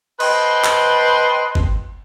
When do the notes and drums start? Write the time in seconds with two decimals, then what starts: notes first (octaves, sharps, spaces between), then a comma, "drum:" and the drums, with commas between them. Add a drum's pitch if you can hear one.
0.20 B4 C5 D#5 G5 A5 C6, drum: cymbal
0.64 drum: clap
1.55 drum: kick G1